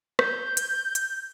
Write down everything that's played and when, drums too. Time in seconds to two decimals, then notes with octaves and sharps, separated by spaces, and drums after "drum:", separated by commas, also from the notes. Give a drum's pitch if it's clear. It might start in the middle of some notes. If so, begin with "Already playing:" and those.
0.19 G6, drum: rim click
0.57 drum: hi-hat
0.95 drum: hi-hat